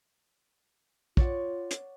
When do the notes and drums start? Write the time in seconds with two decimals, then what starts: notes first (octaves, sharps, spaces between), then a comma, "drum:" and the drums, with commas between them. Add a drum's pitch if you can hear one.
1.17 F4 C#5 D5 F#5, drum: kick
1.71 drum: hi-hat